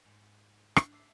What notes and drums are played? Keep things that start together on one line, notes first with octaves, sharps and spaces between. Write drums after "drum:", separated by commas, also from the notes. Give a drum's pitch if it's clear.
G#2
D4, drum: rim click
A3 D6 E6 C7